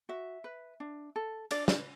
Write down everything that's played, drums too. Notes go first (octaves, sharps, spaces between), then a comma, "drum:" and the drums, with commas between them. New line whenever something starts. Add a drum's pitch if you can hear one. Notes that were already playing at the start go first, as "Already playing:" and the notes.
F#4 E5
B4
D4
A4
D4 D5, drum: cymbal
B4, drum: snare